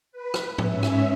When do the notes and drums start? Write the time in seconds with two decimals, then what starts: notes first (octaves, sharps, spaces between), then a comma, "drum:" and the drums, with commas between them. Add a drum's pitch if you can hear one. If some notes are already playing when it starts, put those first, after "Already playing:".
0.12 B4
0.34 drum: rim click
0.58 G#2 C#4 E5, drum: tom
0.83 drum: rim click